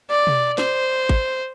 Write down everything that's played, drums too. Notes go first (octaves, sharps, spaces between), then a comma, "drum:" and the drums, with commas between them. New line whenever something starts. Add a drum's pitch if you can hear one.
D5
drum: tom B2
C5, drum: snare
drum: kick